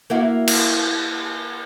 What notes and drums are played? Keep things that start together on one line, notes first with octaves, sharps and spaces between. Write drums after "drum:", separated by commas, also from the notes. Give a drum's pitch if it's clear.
A#3 E4 F#4
drum: cymbal